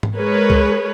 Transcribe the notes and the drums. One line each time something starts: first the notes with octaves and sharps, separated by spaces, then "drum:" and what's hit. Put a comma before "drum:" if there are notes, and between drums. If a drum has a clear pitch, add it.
drum: tom G#2
G#3 G#4 A#4 B4 C#5
drum: kick C#2